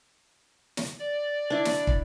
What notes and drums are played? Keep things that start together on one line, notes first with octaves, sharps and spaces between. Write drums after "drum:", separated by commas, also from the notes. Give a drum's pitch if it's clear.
drum: snare
D5
D4 E4
drum: snare
drum: kick